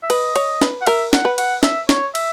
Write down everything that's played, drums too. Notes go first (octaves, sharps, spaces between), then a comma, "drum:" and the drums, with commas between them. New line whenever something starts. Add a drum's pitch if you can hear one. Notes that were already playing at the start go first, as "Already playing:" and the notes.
E5
B4 D#5, drum: cymbal
C#5, drum: cymbal
B4, drum: snare
F#5
A#4 E5, drum: cymbal
F#5, drum: snare
B4
F#5, drum: cymbal
E5, drum: snare
C#5, drum: snare
E5, drum: cymbal